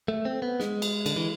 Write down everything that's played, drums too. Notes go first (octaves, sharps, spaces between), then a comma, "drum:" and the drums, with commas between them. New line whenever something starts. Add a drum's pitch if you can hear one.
A3
C4
B3
G#3, drum: snare
drum: cymbal
D3, drum: cymbal
E3